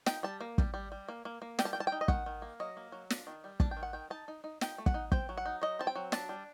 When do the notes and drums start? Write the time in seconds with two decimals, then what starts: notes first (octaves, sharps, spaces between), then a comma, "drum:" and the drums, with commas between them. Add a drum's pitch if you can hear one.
0.06 D#4 G5, drum: snare
0.23 G3 A5
0.41 A#3
0.58 G3, drum: kick
0.74 G3
0.92 G3
1.09 A#3
1.25 A#3
1.42 A#3
1.59 G3 G5, drum: snare
1.65 A5
1.73 G3 G5
1.80 A5
1.87 G5
1.92 D#4
2.01 D#5
2.08 D#3 F#5, drum: kick
2.26 D#3
2.42 A#3
2.60 F#3 D#5
2.77 A#3
2.92 F#3
3.10 D4, drum: snare
3.27 D#3
3.44 G3
3.60 D4 A5, drum: kick
3.71 G5
3.77 D#3
3.83 F#5
3.93 D#3 G5
4.10 D#4 A5
4.28 D#4
4.44 D#4
4.61 D#4 G5, drum: snare
4.78 A3
4.86 F#5, drum: kick
4.94 D#4
5.12 C4 G5, drum: kick
5.29 F#3
5.38 F#5
5.46 D#4
5.62 F#3 D#5
5.79 C4 A5
5.87 G5
5.96 F#3
6.12 D4 A5, drum: snare
6.29 G3